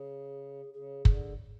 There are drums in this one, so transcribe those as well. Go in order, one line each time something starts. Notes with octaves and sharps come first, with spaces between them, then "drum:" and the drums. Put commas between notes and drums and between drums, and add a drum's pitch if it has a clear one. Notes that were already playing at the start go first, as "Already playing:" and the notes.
Already playing: C#3 G#4
C#3 G#4
D3, drum: kick